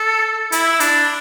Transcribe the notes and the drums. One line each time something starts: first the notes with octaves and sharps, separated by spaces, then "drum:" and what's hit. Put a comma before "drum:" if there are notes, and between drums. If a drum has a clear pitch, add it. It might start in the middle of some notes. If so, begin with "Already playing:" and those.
Already playing: A4
E4, drum: hi-hat
D4, drum: hi-hat